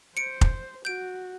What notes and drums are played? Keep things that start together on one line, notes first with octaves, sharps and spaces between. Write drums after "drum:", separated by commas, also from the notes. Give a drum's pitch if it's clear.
C5 C#7 D7
drum: kick F1
F#4 G6 D7